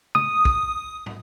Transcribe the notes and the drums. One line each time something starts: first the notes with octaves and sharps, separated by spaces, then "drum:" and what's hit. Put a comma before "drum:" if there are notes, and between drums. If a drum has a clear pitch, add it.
D#6, drum: tom
drum: kick
drum: tom